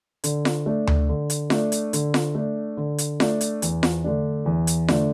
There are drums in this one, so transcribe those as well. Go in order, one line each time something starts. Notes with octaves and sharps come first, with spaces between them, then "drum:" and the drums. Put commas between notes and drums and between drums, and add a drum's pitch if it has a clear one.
D3, drum: hi-hat
drum: snare F4
A3 D4
drum: tom D2
D3
drum: hi-hat
A3 D4, drum: snare F4
drum: hi-hat
D3, drum: hi-hat
drum: snare F4
A3 D4
D3
drum: hi-hat
A3 D4, drum: snare F4
drum: hi-hat
E2, drum: hi-hat
drum: snare F4
D3 A3 D4
E2
drum: hi-hat
D3 A3 D4, drum: snare F4